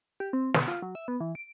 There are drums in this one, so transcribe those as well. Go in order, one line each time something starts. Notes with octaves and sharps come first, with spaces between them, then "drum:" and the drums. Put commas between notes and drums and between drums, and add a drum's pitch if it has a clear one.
G4
C4
B2, drum: snare
F4
F#3
E5
B3
E3
D7